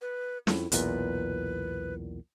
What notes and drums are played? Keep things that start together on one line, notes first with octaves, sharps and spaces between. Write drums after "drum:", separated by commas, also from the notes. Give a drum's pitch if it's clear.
B4
F2 E4, drum: snare
B1 E2 A#2 B4, drum: hi-hat